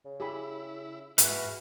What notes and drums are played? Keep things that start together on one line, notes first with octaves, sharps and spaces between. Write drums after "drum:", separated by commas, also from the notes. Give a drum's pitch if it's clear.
C#3
E4 G4 G#4 B5
G#2 E3 F#4 B4 F5 F6, drum: hi-hat